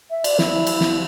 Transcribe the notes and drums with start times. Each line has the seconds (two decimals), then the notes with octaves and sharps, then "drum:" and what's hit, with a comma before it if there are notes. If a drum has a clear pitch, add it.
0.10 E5
0.24 D5, drum: cymbal
0.39 E4, drum: snare
0.67 drum: cymbal
0.81 drum: snare